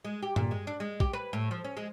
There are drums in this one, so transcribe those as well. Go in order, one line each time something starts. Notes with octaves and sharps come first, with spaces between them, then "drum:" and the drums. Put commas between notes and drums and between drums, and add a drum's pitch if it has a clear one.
G#3
G4
A#2, drum: tom G2
G#3
D4
G#3
G4, drum: kick
B4
A2
F3
C#4
G#3